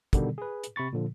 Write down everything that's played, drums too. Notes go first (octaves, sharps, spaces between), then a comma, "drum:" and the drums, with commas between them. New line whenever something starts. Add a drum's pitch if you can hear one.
B2 D3 D#3 G3 B3, drum: kick, hi-hat
G#4 B4
drum: hi-hat
C3 B5 C#6 A6
A#2 D3 F3